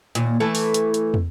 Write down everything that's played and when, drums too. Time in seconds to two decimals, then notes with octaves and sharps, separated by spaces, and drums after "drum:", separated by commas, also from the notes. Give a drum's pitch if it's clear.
0.15 D#2 A#2, drum: hi-hat
0.40 E3 A3 A4
0.55 drum: open hi-hat
0.74 drum: hi-hat
0.94 drum: hi-hat
1.14 drum: tom